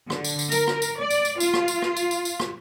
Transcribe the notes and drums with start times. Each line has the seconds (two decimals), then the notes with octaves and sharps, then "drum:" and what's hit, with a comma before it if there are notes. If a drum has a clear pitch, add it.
0.10 D3, drum: rim click
0.24 drum: tambourine
0.39 drum: tambourine
0.52 A#4, drum: tambourine
0.67 drum: rim click
0.82 drum: tambourine
1.01 D5
1.10 drum: tambourine
1.25 drum: tambourine
1.40 F4, drum: tambourine
1.54 drum: rim click
1.68 drum: tambourine
1.82 drum: rim click
1.97 drum: tambourine
2.11 drum: tambourine
2.25 drum: tambourine
2.40 drum: rim click